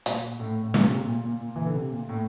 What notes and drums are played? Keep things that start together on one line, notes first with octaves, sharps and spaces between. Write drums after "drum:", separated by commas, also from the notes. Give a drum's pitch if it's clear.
A#2, drum: hi-hat
A2
A2
A#2, drum: snare
C3
A#2
A#2
A#2
A#2
E3
D3
C3
A#2
A2